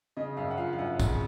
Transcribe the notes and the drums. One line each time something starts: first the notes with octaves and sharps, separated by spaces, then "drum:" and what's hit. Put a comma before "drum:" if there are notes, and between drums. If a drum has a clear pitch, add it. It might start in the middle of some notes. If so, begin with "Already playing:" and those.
C#3 D#5
F#2 F5
F#5
F3 F5
F5
F#2 F#5
C#3, drum: kick, tambourine